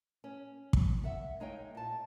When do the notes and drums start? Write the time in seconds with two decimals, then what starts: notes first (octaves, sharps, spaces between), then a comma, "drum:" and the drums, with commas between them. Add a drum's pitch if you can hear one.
0.24 C#4
0.73 drum: kick
1.04 E5 F#5
1.40 G#3 D#4 C#5 F5 G5
1.75 A#2 A5